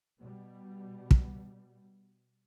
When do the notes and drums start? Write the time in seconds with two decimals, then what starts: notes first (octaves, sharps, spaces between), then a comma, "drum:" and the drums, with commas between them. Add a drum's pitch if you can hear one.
0.20 B2 G3
1.11 drum: kick